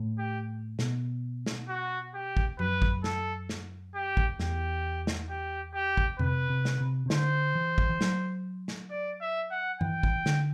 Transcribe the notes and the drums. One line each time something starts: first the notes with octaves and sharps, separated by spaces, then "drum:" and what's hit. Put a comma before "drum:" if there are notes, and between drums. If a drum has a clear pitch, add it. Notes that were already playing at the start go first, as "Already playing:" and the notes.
Already playing: A2
G4
B2, drum: snare
drum: snare
F#4
G4
drum: kick
F#2 B4, drum: tom F3
drum: kick
A4, drum: snare
drum: snare
G4
drum: kick
E2 G4, drum: snare
drum: snare
G4
G4
drum: kick
C3 B4, drum: tom F2
C3
drum: snare
C3
C3
D3 C5, drum: snare
E3
drum: kick
E3
F#3, drum: snare
drum: snare
D5
E5
F#5
E3 G5, drum: tom G2
drum: kick
D3, drum: snare